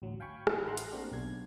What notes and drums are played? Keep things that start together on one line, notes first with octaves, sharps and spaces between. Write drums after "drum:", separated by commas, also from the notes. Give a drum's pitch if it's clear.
A1 D2 F#3
F5 G5 G#5 B5 C#6
D#3 G3 E4, drum: rim click
A1 F#5 A#5 C6 F#6
drum: hi-hat
A3 A#3 C4 D4 F#4 G4
B1 D4 G#6